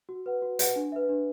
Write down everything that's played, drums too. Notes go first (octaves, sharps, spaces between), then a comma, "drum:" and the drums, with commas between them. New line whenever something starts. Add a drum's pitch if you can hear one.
F#4
B4 F#5
F#4
B4 F#5, drum: hi-hat
D4
B4 E5
D4